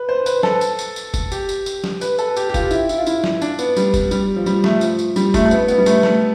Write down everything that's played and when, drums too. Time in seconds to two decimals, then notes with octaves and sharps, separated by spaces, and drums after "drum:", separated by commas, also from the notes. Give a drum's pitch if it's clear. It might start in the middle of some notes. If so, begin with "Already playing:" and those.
Already playing: B4
0.09 C5
0.26 B4, drum: tambourine
0.43 A4, drum: snare
0.61 drum: tambourine
0.79 drum: tambourine
0.96 drum: tambourine
1.14 drum: kick F1, tambourine
1.32 G4, drum: tambourine
1.49 drum: tambourine
1.66 drum: tambourine
1.84 drum: snare
2.01 B4, drum: tambourine
2.19 A4, drum: tambourine
2.37 G4, drum: tambourine
2.49 G4
2.54 F4, drum: kick F1, tambourine
2.71 E4, drum: tambourine
2.89 E4, drum: tambourine
2.98 F4
3.06 E4, drum: tambourine
3.24 drum: snare
3.42 D4, drum: tambourine
3.59 B3, drum: tambourine
3.76 G3, drum: tambourine
3.94 drum: kick F1, tambourine
4.11 G3, drum: tambourine
4.36 F3
4.46 G3, drum: tambourine
4.64 A3, drum: snare
4.81 F3, drum: tambourine
4.99 drum: tambourine
5.16 G3, drum: tambourine
5.34 A3, drum: kick F1, tambourine
5.45 A3
5.51 B3, drum: tambourine
5.68 B3, drum: tambourine
5.78 G3
5.86 A3, drum: tambourine
6.03 A3, drum: snare